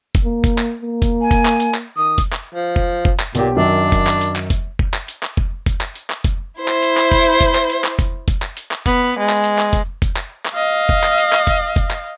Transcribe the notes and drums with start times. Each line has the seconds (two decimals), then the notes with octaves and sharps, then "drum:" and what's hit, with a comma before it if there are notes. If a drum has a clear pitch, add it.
0.15 drum: kick F1, hi-hat
0.25 A#3
0.44 drum: kick F1, hi-hat
0.58 drum: clap
0.82 A#3
1.02 drum: kick F1, hi-hat
1.21 G#5
1.31 drum: kick F1, hi-hat
1.45 drum: clap
1.60 drum: hi-hat
1.74 drum: clap
1.97 D#3 D#6
2.18 drum: kick F1, hi-hat
2.33 drum: clap
2.53 F3
2.76 drum: kick F1
3.05 drum: kick F1
3.20 drum: clap
3.35 B1 A#2 G4, drum: hi-hat
3.56 F#2 D#3 F#3 D4
3.92 drum: kick F1, hi-hat
4.07 drum: clap
4.21 drum: hi-hat
4.36 drum: clap
4.50 drum: kick F1, hi-hat
4.79 drum: kick F1
4.94 drum: clap
5.08 drum: hi-hat
5.23 drum: clap
5.37 drum: kick F1
5.66 drum: kick F1, hi-hat
5.81 drum: clap
5.95 drum: hi-hat
6.10 drum: clap
6.24 drum: kick F1, hi-hat
6.59 E4 C5
6.68 drum: clap
6.83 drum: hi-hat
6.97 drum: clap
7.12 drum: kick F1, hi-hat
7.41 drum: kick F1, hi-hat
7.55 drum: clap
7.70 drum: hi-hat
7.84 drum: clap
7.99 drum: kick F1, hi-hat
8.28 drum: kick F1, hi-hat
8.42 drum: clap
8.57 drum: hi-hat
8.71 drum: clap
8.86 B3, drum: kick F1, hi-hat
9.19 G#3
9.29 drum: clap
9.44 drum: hi-hat
9.58 drum: clap
9.73 drum: kick F1, hi-hat
10.02 drum: kick F1, hi-hat
10.16 drum: clap
10.45 drum: clap
10.55 D#5 F5
10.89 drum: kick F1
11.04 drum: clap
11.18 drum: hi-hat
11.33 drum: clap
11.47 drum: kick F1, hi-hat
11.76 drum: kick F1, hi-hat
11.91 drum: clap